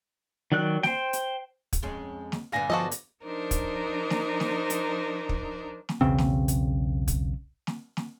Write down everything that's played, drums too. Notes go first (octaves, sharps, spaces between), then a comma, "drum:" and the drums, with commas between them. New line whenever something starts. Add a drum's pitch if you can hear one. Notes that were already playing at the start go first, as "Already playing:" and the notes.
D#3 F#3 D5 F#6
C5 G5, drum: snare
drum: hi-hat
drum: kick, hi-hat
F2 G#3 C#4
drum: snare
G2 D3 B3 F5 G#5 A#6
F3 F4 F#4 A4 D#5
drum: hi-hat
F3 D4 D#4 A#4 C5
drum: kick, hi-hat
drum: snare
drum: snare
drum: hi-hat
drum: kick
drum: snare
B1 E2 C#3 C4
drum: snare
drum: hi-hat
drum: kick, hi-hat
drum: snare
drum: snare